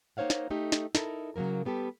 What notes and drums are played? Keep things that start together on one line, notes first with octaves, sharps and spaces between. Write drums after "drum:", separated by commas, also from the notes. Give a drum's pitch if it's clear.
A#3 D#4 C5 C#5 F5 F#5
drum: snare
A3 D#4 G4 A4
drum: snare
D#4 E4 A4 A#4, drum: snare
C#3 F#3 A3 A#3 A#4
G3 B3 G4 A4